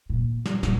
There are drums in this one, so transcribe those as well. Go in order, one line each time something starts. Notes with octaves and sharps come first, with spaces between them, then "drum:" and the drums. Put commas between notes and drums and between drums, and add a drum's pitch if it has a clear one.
A#2
drum: snare
A#2, drum: snare